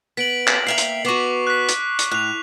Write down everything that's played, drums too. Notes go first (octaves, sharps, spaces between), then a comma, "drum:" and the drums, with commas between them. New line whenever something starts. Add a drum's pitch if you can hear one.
B3 B6 D7 F#7
drum: clap
A#3 E5 G5 C7 F7 F#7
drum: hi-hat
B3 F#4 C#6 D6 C7
F#6 B6
drum: hi-hat
drum: hi-hat
A2 F#6 F7